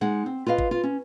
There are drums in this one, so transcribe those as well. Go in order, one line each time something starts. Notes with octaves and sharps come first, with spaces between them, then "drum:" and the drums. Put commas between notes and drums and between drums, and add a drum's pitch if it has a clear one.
G#3 D#4 F#5
C4
F4 B4 D#5 F5
drum: kick G1
F4
C#4